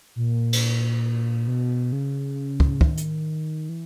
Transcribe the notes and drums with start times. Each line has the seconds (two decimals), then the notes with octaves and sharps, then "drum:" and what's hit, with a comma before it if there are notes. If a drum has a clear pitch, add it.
0.16 A#2
0.53 drum: cymbal
1.48 B2
1.92 C#3
2.60 drum: kick
2.81 D#3, drum: kick
2.97 drum: hi-hat
3.69 E3